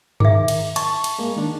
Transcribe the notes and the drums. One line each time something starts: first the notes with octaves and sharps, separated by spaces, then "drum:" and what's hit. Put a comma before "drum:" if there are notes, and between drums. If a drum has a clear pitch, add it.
D#3 G#4 A#4 E5, drum: tom G2
drum: cymbal
A5 C#6, drum: cymbal
drum: cymbal
G#3 A#3
D#3 D4